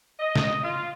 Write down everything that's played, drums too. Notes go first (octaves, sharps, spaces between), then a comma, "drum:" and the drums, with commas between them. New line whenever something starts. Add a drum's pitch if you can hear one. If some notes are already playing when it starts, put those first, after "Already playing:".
D#5
drum: snare
F4